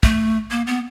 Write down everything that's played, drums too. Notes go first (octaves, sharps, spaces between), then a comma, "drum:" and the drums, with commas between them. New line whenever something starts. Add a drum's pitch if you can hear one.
A3, drum: kick
A#3
B3